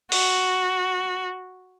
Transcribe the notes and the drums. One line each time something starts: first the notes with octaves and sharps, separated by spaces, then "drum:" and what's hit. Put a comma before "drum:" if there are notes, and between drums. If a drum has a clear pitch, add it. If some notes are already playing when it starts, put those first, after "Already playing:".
F#4, drum: open hi-hat